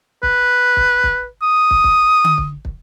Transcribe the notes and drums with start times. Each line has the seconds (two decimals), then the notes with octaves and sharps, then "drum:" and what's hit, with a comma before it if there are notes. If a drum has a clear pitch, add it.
0.23 B4, drum: kick
0.77 drum: kick
1.04 drum: kick
1.42 D#6
1.71 drum: kick
1.84 drum: kick
2.24 drum: tom D3
2.38 drum: kick
2.65 drum: kick